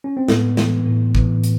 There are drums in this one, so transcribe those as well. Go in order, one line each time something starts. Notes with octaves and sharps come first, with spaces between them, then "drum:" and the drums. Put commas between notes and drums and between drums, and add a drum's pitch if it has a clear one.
C#4
C4
A2 B3, drum: snare
E3, drum: snare
A2
E3, drum: kick
A2, drum: hi-hat